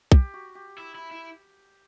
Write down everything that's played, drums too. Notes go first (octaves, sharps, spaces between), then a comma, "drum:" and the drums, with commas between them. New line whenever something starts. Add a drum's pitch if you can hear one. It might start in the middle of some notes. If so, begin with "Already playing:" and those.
G4, drum: kick
F#4
G4
E4
E4
E4